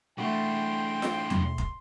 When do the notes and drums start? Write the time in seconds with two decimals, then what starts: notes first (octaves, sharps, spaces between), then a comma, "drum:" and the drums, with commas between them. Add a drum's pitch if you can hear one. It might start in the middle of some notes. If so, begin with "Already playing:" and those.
0.18 E3 A3 D4 F#4 G5 C6
1.02 drum: snare F4
1.30 drum: tom E2
1.58 drum: kick